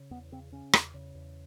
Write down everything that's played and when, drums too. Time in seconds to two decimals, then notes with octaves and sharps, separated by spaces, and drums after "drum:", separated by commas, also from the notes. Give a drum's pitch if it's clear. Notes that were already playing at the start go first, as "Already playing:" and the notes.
Already playing: C#3
0.11 E2 B3
0.32 C#3 C4
0.52 C#3 C#4
0.73 E2, drum: rim click
0.94 C#3
1.15 E2